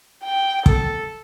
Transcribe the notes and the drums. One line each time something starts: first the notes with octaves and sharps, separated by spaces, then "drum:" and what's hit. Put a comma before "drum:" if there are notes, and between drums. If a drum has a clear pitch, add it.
G5
A4, drum: kick